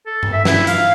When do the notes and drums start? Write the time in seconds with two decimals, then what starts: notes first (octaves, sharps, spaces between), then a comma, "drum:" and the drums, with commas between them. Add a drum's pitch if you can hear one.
0.06 A4
0.23 drum: tom G2
0.33 E5
0.45 E4, drum: snare
0.67 F5, drum: hi-hat